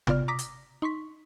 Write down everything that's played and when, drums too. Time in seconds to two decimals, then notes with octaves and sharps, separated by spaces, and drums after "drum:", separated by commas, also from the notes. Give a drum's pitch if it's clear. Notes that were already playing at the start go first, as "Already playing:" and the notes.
0.07 G1 B3 F4 D5 F6, drum: tom C3
0.28 A#5 D6 D#6 A#6 B6
0.39 drum: hi-hat
0.82 D#4 C6 C#6 B6